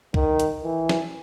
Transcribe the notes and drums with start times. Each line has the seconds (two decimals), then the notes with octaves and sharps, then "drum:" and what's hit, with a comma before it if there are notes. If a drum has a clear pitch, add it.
0.14 D#3, drum: kick C2
0.40 drum: hi-hat
0.64 E3
0.89 drum: snare